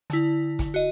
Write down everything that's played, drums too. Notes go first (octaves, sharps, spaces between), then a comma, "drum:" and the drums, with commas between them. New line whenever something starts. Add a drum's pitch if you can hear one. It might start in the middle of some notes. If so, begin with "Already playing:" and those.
D3 E4, drum: hi-hat
drum: kick, hi-hat
F#4 D#5